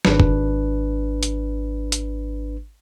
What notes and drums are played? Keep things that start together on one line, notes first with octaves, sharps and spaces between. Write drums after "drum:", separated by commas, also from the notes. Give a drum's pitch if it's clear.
G#1 D4 B4, drum: snare
drum: kick
drum: hi-hat
drum: hi-hat